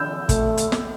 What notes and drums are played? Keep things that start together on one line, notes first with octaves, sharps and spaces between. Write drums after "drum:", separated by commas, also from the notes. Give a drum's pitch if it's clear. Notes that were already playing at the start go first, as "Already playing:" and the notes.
Already playing: E6 G6
A3, drum: kick, hi-hat
drum: hi-hat
drum: snare